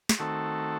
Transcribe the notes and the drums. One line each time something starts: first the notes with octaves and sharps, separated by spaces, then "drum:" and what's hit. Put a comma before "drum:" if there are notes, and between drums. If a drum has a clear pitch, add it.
drum: snare
D#3 A3 C4 F#4 A4